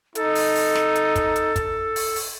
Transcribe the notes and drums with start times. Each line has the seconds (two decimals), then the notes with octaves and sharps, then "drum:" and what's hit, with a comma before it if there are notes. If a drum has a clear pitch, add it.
0.15 D#4 A4, drum: hi-hat
0.35 drum: open hi-hat
0.55 drum: open hi-hat
0.75 drum: snare
0.95 drum: hi-hat
1.16 drum: kick, hi-hat
1.36 drum: hi-hat
1.56 drum: kick, hi-hat
1.96 drum: open hi-hat
2.16 drum: open hi-hat